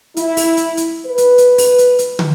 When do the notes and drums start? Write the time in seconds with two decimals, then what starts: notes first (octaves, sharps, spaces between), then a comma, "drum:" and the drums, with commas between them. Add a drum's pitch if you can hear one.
0.17 E4, drum: hi-hat
0.37 drum: open hi-hat
0.57 drum: hi-hat
0.77 drum: hi-hat
1.06 B4
1.18 drum: hi-hat
1.38 drum: hi-hat
1.58 drum: open hi-hat
1.78 drum: hi-hat
1.99 drum: hi-hat
2.19 drum: tom